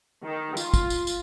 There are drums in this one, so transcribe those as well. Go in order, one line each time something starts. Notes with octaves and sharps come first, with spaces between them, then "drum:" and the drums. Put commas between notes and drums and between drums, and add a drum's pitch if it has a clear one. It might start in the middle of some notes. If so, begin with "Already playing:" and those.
D#3
F4, drum: tambourine
drum: kick, tambourine
drum: tambourine
drum: tambourine